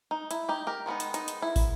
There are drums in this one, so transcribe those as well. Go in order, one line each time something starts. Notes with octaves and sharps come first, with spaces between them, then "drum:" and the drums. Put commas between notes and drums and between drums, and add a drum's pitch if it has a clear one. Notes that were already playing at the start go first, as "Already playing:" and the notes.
D#4
E4, drum: hi-hat
D#4 G4
G4 A#4
D#3 G#3 B3 D#4
drum: hi-hat
D#4, drum: hi-hat
drum: hi-hat
E4
drum: kick, open hi-hat